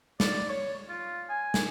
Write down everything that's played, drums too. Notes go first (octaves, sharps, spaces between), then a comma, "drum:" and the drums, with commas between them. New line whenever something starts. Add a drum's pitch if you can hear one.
D5, drum: snare
C#5
F4
G#5
drum: snare